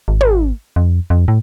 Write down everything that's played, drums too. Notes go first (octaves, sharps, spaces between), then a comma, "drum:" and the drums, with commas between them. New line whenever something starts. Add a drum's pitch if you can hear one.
G#1
drum: tom
F2
F2
A2